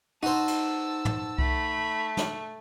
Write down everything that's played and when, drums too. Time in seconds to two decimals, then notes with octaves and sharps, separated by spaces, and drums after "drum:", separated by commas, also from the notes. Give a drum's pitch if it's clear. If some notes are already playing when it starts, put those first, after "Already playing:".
0.23 D#4 F#4 C5 A5 E6
0.48 drum: cymbal
1.05 drum: tom
1.38 A3 B5, drum: kick C2
2.17 drum: snare